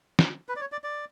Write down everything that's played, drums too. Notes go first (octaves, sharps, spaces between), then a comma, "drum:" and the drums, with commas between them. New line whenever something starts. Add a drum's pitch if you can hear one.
drum: snare
B4
D5
C#5
D5
D5